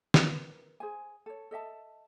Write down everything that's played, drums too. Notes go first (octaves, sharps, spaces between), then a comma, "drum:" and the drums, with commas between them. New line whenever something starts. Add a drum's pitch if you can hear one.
A#4 B4, drum: snare
G#4 C5 G#5
A4 C#5
A4 D#5 E5 A5